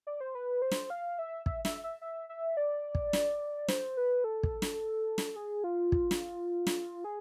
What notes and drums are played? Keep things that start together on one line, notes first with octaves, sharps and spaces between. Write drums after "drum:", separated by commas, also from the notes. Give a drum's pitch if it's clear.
D5
C5
B4
C5
drum: snare
F5
E5
E5, drum: kick
E5, drum: snare
E5
E5
E5
D5
drum: kick
drum: snare
C5, drum: snare
B4
A4
drum: kick
drum: snare
drum: snare
G#4
F4
drum: kick
drum: snare
drum: snare
G#4